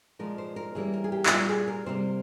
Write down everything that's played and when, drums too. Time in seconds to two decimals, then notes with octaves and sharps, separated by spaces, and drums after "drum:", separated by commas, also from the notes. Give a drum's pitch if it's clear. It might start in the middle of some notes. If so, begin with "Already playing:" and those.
0.19 A#2 F3 G#3 A#4
0.38 C5
0.56 A#4
0.75 C#3 E3 G3 A#3 G#4
0.94 A#4
1.04 G#4
1.12 G4
1.26 E4, drum: clap
1.30 A#2 G3 A#3 F4
1.49 G#4
1.68 A#4
1.86 C3 G3 A#3 C5